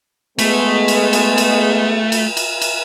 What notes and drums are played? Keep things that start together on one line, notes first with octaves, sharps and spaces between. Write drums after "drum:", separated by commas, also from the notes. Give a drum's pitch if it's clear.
G#3 A3 B3, drum: cymbal
drum: cymbal
drum: cymbal
drum: cymbal
drum: cymbal
drum: cymbal
drum: cymbal